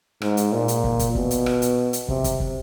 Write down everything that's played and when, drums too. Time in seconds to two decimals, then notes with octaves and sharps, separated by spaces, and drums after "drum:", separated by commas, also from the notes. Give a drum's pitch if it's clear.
0.22 G#2, drum: rim click
0.37 drum: hi-hat
0.52 A#2
0.68 drum: hi-hat
0.84 drum: kick
0.99 drum: kick, hi-hat
1.15 B2, drum: kick
1.31 drum: hi-hat
1.46 drum: rim click
1.62 drum: hi-hat
1.93 drum: hi-hat
2.08 C3, drum: kick
2.24 drum: kick, hi-hat
2.40 drum: kick